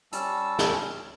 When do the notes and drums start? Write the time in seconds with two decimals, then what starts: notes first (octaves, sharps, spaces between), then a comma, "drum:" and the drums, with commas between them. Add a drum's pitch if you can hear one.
0.12 G3 C#4 A5 E6, drum: hi-hat
0.59 drum: snare